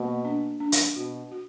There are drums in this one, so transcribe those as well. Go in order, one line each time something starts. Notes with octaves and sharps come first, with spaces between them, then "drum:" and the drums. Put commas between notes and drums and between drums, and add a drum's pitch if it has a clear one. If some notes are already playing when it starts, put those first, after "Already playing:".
Already playing: B2 A#3
D4
D4
drum: hi-hat
B2 F#4
F#4